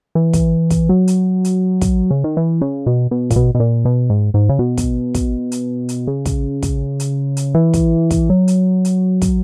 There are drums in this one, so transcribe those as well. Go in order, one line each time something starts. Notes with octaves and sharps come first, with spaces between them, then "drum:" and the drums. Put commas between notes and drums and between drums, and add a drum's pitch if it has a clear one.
E3
drum: kick, hi-hat
drum: kick, hi-hat
F#3
drum: hi-hat
drum: hi-hat
drum: kick, hi-hat
C#3
D#3
E3
C#3
B2
B2
A#2, drum: kick, hi-hat
B2
B2
A#2
B2
G#2
G#2
C#3
B2
drum: kick, hi-hat
drum: kick, hi-hat
drum: hi-hat
drum: hi-hat
C#3
drum: kick, hi-hat
drum: kick, hi-hat
drum: hi-hat
drum: hi-hat
E3
drum: kick, hi-hat
drum: kick, hi-hat
F#3
drum: hi-hat
drum: hi-hat
drum: kick, hi-hat